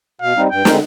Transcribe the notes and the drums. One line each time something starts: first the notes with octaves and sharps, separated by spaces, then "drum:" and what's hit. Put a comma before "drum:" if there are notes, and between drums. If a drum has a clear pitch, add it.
B2 F5
G3 C4 D#4
G2 G5
D3 G#3 C4 D#4, drum: snare